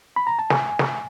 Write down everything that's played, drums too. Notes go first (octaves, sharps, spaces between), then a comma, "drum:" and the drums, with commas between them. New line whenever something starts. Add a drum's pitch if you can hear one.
B5
A#5
A5
G#5, drum: snare
drum: snare